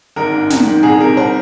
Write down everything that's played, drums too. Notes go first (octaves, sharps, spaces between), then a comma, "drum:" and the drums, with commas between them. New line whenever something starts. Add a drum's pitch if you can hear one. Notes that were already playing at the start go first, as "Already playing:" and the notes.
G#1 A#4
G#2
G#1, drum: snare
D#3
C2 G#4
C3 A#4
C2 C5